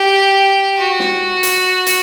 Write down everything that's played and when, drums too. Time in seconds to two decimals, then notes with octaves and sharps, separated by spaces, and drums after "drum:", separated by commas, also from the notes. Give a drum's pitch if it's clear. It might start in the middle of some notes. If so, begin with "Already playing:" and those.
Already playing: G4
0.78 F#4
0.99 drum: snare
1.43 drum: hi-hat
1.86 drum: hi-hat